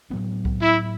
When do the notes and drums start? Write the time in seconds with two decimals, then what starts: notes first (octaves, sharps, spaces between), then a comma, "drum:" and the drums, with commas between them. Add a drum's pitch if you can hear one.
0.10 A2 F#3 B3 D4
0.45 drum: kick C2
0.62 E4